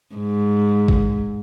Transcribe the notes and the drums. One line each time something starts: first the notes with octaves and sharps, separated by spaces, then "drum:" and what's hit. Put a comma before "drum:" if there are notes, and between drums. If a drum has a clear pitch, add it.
G#2
drum: kick